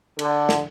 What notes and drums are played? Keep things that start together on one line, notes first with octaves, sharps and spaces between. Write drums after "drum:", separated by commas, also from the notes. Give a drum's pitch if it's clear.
D3, drum: cymbal
drum: snare